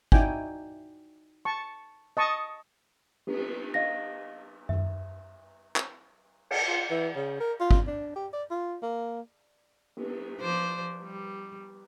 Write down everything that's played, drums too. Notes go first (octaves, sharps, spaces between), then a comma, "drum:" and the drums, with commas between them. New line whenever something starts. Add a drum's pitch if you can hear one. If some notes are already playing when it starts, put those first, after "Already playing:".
D#4 E4 F#4 D5 G5 G#5, drum: kick
A5 C#6
D#5 A5 C#6 D#6
drum: cymbal
D#5 F5 A#6
E5, drum: tom F#2
drum: clap
drum: cymbal
F4
E3
C#3
A#4
F4
drum: kick
D4
G4
D5
F4
A#3
drum: cymbal
F3 C5 D5
G3